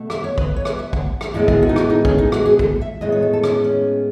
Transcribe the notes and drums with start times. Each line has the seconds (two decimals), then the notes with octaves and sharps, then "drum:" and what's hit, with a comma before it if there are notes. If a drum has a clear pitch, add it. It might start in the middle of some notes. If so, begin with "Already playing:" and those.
Already playing: B2 A3
0.10 E5, drum: rim click
0.24 C#5
0.38 B4, drum: kick
0.56 C#5
0.65 B4, drum: rim click
0.79 E5
0.93 F#5, drum: kick
1.21 drum: rim click
1.34 A2 G#3 B3 E5
1.48 G#4, drum: kick
1.63 F#4
1.69 D#4
1.76 E4, drum: rim click
1.90 D#4
2.05 C#4, drum: kick
2.18 D#4
2.32 F#4, drum: rim click
2.46 G#4
2.59 A4, drum: kick
2.81 E5
3.01 A2 G#3 B3 D#5
3.12 C#5
3.22 A4
3.33 A4
3.44 C#4, drum: rim click
3.64 C#4